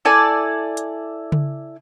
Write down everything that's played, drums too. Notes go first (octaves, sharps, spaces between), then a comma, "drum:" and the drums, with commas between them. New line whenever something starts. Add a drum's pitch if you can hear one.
E4 A4 D5 G#5
drum: hi-hat
drum: tom C#3